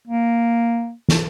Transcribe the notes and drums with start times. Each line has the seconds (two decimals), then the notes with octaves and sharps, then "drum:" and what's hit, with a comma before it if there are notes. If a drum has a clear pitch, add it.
0.08 A#3
1.09 drum: snare